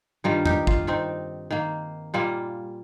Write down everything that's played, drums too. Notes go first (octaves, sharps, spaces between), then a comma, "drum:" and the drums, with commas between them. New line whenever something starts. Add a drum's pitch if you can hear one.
G2 D#3 G3 F4 A#4
D#4 G4, drum: tom F2
F4, drum: kick
D#3 C4 D#4
D#3 A#3
A#2 G3 A#3 F4